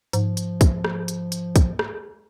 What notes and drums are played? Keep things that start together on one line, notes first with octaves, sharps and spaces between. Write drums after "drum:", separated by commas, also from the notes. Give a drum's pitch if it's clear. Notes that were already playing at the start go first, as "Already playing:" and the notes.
G#2 F3, drum: hi-hat
drum: hi-hat
drum: kick, hi-hat
drum: rim click
drum: hi-hat
drum: hi-hat
drum: kick, hi-hat
drum: rim click